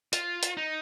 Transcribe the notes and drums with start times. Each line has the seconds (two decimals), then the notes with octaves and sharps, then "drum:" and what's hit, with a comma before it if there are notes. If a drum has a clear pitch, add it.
0.13 F4, drum: hi-hat
0.43 drum: hi-hat
0.57 D#4